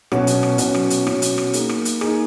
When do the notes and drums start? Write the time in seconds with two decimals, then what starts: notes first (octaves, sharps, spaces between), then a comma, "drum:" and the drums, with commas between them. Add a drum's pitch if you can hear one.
0.12 B2 F#3 C#4 F#4, drum: rim click
0.27 drum: hi-hat
0.43 drum: rim click
0.58 B2 F#3 C#4 F#4, drum: hi-hat
0.74 drum: rim click
0.90 drum: hi-hat
1.07 B2 F#3 C#4 F#4, drum: rim click
1.22 drum: hi-hat
1.38 drum: rim click
1.53 A#3 D#4 G#4, drum: hi-hat
1.69 drum: rim click
1.85 drum: hi-hat
2.01 A#3 D#4 G#4, drum: rim click